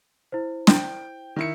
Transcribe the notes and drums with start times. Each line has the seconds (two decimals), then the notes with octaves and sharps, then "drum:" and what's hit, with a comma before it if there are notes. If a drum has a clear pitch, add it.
0.32 E4 C5
0.67 G5, drum: snare
1.36 D#3 E4 C#7